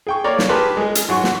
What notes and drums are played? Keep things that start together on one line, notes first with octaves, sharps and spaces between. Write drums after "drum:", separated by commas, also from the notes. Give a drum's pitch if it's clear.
G#4 G5 C#6
A#3 A#4 C#5 D5
drum: snare
G4 G#4 A#4 B4 A5 C6
G#3 G#4
drum: hi-hat
G#2 F#3 F#4 C#6
drum: snare